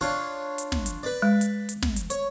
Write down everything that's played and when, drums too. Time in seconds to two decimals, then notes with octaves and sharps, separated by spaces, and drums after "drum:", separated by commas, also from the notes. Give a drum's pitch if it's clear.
0.01 D4 F4 C#5
0.58 drum: hi-hat
0.72 drum: snare
0.86 drum: hi-hat
1.03 B4 D5
1.22 G#3
1.41 drum: hi-hat
1.69 drum: hi-hat
1.82 drum: snare
1.96 drum: hi-hat
2.10 C#5, drum: hi-hat